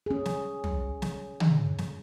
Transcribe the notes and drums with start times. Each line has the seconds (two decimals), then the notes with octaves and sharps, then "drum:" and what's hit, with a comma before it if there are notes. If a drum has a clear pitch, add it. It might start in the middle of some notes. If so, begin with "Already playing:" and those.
0.06 C#4 G#4
0.26 drum: snare
0.64 drum: tom
1.02 drum: snare
1.40 drum: tom
1.78 drum: snare